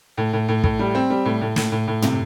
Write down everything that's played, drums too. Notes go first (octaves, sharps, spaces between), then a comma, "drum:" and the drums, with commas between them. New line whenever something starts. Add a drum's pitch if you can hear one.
A2
A2
A2
A2, drum: kick
G3
C4
G3
A2
A2
A2, drum: snare
A2
A2
C3, drum: tom